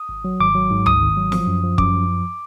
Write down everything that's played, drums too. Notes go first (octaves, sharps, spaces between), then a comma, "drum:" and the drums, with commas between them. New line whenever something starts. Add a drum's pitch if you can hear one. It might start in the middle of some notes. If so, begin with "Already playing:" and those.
Already playing: D#6
G#1
F#3
G#1 D6
F#3
G#2
G#1 D#6, drum: tom D2
G#1
F#3
F3, drum: snare
F#2
F3
F#2 D6, drum: kick
F3
F#2